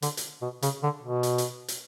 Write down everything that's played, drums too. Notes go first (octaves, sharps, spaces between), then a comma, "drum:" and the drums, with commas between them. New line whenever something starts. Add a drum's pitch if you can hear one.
D3, drum: hi-hat
drum: hi-hat
B2
C#3, drum: hi-hat
D3
B2
drum: hi-hat
drum: hi-hat
drum: hi-hat